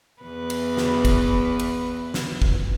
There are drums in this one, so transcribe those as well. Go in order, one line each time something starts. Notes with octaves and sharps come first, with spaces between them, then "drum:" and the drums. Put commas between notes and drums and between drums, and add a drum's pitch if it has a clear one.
E2 B4
drum: cymbal
drum: snare
drum: kick, cymbal
drum: cymbal
drum: snare
drum: kick